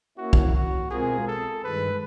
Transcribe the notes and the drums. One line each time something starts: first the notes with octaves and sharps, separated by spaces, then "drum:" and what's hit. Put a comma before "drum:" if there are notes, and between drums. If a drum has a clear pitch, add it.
A#3 C#4 E4 F#4
drum: kick B1
F#4
B2 G#3 C4 F4 G#4 A#4
A4
G2 D#3 G#3 B4